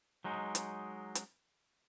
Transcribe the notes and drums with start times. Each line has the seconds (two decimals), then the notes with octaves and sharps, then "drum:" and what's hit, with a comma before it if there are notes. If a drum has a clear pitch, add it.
0.24 F#3 G#3 D#4
0.55 drum: hi-hat
1.15 drum: hi-hat